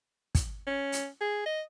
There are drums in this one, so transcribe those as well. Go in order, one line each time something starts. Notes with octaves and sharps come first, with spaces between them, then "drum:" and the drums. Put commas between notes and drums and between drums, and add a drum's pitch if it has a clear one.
drum: kick, hi-hat
C#4
drum: hi-hat
G#4
D#5